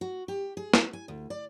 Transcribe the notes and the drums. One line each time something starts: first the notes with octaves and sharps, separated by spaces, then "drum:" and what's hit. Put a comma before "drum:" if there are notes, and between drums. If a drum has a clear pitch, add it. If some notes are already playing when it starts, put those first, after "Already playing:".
F#4
G4
G#4
E4, drum: snare
G#5
D2
D5